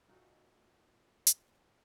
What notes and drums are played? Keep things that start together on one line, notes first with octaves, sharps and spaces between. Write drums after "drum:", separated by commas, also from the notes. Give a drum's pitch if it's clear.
A#2 D#4 F#4 A4
drum: hi-hat